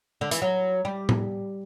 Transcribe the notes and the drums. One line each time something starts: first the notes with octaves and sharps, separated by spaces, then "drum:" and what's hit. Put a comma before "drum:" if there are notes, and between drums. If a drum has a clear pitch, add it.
D3
E3, drum: hi-hat
F#3
G3
drum: tom A2